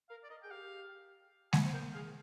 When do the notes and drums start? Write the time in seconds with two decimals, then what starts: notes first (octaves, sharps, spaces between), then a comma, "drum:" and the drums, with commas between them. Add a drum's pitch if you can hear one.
0.09 A#4 F5
0.24 D5
0.30 A#4 D#5
0.43 G#4 G5
0.51 G4 F5
1.53 G#5, drum: snare G#3
1.65 C5
1.73 A#4 G5
1.94 G#4 F5